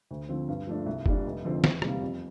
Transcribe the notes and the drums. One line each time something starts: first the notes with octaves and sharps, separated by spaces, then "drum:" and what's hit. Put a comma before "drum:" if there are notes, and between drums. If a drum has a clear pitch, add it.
D2
D3 F3 C4
G2
F3 A3 D4
C2
A#2 G3 D4, drum: kick F#1
F1
F2 D3 F3 C4
E2, drum: snare
C3 G3 A#3, drum: rim click
F2